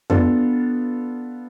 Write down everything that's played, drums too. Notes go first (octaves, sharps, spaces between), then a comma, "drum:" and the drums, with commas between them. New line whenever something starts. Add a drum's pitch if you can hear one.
B3 D4 F4 A4, drum: tom F2